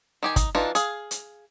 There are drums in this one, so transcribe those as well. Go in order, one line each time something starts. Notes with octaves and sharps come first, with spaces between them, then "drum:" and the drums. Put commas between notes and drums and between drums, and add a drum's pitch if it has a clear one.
D#3 G4 G#5
D#4, drum: kick, hi-hat
E3 D4 D#4 F4
G#4 F5, drum: hi-hat
drum: hi-hat